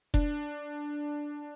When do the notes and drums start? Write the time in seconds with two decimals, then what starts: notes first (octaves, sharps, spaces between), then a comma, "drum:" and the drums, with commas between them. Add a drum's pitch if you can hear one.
0.14 D4, drum: kick F1